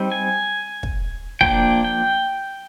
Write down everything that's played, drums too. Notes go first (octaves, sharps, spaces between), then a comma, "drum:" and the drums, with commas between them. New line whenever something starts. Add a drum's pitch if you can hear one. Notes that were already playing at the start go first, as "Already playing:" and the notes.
Already playing: G3 C4 D#4
G#5
drum: kick
F3 A#3 D4 G5, drum: kick
G5